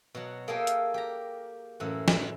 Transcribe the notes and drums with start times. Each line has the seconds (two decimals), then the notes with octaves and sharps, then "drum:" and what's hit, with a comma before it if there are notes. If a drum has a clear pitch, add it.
0.15 B2 F#3
0.48 A#3 G#4 A4 E5 F5 G5
0.67 drum: hi-hat
0.94 G4 A#5
1.80 F#2 A2 E3
2.08 drum: snare